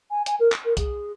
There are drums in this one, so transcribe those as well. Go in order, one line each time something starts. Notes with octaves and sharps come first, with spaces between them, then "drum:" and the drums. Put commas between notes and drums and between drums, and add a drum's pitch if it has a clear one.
G#5
G#5, drum: hi-hat
A#4
drum: clap
A#4
G#4, drum: kick C2, hi-hat